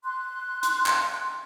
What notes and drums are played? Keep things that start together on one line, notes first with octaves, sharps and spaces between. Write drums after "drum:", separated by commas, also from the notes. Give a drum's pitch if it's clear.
C6 F#6
drum: hi-hat
drum: clap